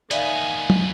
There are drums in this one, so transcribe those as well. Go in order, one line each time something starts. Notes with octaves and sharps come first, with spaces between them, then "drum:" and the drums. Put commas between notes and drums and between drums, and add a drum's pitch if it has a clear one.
D#2 D#3 B3 D5 E5 F5 G#5, drum: hi-hat
drum: tom F#3